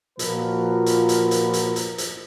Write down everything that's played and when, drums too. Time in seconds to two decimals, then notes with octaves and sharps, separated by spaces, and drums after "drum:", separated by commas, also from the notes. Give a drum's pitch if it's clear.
0.19 A#2 F3 F#4 A#4 B4, drum: hi-hat
0.86 drum: hi-hat
1.09 drum: hi-hat
1.31 drum: hi-hat
1.53 drum: hi-hat
1.76 drum: hi-hat
1.98 drum: hi-hat